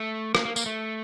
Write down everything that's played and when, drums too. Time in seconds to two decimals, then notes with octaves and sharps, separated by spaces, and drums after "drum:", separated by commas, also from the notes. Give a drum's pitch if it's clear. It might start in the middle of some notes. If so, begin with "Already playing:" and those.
Already playing: A3
0.35 A#3, drum: rim click
0.45 A#3
0.56 A#3, drum: tambourine
0.66 A3